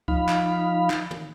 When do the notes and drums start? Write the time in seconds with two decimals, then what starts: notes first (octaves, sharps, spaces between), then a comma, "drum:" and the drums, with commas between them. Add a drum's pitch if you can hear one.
0.08 F3 D#4 F5 B5, drum: kick C#2
0.29 drum: clap
0.90 drum: clap
1.11 drum: tom